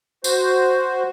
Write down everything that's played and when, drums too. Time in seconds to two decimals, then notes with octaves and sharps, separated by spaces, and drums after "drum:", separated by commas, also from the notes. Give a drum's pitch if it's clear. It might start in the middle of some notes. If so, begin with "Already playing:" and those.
0.24 F#4 C5, drum: tambourine